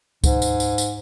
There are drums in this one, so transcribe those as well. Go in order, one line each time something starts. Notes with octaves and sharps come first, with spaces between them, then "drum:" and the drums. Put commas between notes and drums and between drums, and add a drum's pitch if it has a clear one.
G#2, drum: kick C#2, tambourine
drum: tambourine
drum: tambourine
drum: tambourine